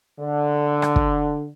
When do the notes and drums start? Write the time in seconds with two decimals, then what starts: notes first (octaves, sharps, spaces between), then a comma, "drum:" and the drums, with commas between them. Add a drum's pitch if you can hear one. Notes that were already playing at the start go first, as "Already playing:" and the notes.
0.19 D3
0.82 drum: rim click
0.96 drum: kick